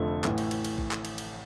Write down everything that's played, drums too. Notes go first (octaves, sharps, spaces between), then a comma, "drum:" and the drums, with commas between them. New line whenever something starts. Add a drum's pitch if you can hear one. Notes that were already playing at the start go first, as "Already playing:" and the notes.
Already playing: F1 F2 D3 F3 A3
A1 A2 E3, drum: clap
drum: cymbal
drum: cymbal
drum: cymbal
drum: kick A#1
drum: clap
drum: cymbal
drum: cymbal